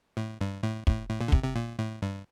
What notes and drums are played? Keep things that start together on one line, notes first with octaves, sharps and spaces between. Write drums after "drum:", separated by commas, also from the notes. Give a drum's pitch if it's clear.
A2
G2
A2
A2, drum: kick
A2
A#2
D3
C3, drum: kick
C3
A#2
A2
G2